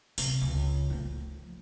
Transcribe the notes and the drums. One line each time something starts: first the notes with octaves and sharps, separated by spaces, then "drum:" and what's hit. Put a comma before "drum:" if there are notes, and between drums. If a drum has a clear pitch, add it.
C3, drum: open hi-hat
C#2
F3 A3